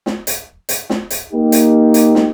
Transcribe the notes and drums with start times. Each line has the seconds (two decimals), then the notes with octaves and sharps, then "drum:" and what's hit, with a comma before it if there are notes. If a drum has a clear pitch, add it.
0.06 drum: snare
0.27 drum: hi-hat
0.69 drum: hi-hat
0.90 drum: snare
1.10 drum: hi-hat
1.31 A#3 D#4 G4
1.52 drum: hi-hat
1.94 drum: hi-hat
2.15 drum: snare